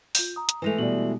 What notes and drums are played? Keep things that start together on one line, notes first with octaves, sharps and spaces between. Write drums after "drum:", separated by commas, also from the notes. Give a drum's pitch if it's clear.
F4 G6, drum: open hi-hat
A#5 D#6
drum: hi-hat
E3 G#3 A3 B4 A#6 F7
B2 G3 D5 F#7